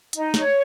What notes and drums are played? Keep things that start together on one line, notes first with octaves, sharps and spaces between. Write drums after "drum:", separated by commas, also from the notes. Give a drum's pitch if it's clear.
D#4, drum: hi-hat
C#5, drum: snare